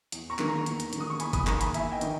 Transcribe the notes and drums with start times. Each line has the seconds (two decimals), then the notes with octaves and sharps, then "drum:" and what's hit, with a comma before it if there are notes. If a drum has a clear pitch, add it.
0.12 E2, drum: hi-hat
0.30 A#5 C#6
0.39 D#3 A#3, drum: clap
0.48 A#5 C#6
0.66 E2, drum: hi-hat
0.80 drum: hi-hat
0.93 D#3, drum: hi-hat
0.98 A#3 D#6
1.10 C#6
1.20 E2 G#5 B5, drum: hi-hat
1.33 B5 D#6, drum: kick G1, hi-hat
1.47 D#3 A#3 A#5 C#6, drum: clap
1.61 G#5 B5, drum: hi-hat
1.74 E2 E5 G#5, drum: hi-hat
1.92 D#5 G5
2.01 D#3 A#3, drum: hi-hat